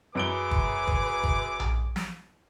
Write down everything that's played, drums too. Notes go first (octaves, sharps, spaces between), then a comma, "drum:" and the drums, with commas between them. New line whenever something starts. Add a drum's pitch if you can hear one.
F#2 G#4 B4 D6 D7 G7
drum: kick
drum: kick
drum: kick
drum: tom A#1
drum: snare